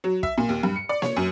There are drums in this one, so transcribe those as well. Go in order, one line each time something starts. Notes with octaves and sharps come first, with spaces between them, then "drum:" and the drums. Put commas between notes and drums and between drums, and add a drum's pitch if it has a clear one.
F#3
E5, drum: kick
A#2
D#2
G2
C#7
D5
C#5, drum: snare A#3
F#2